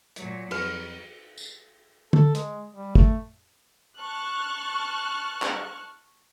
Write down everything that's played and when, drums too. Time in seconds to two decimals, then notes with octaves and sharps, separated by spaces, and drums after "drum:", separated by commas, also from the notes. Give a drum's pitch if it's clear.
0.16 A#2 F#3, drum: hi-hat
0.51 F2 F#4 B4, drum: cymbal
1.38 drum: tambourine
2.13 A4, drum: tom D3
2.35 G#3, drum: hi-hat
2.75 G3
2.95 A3, drum: kick
3.99 A5 C#6 F6 F#6
5.42 drum: clap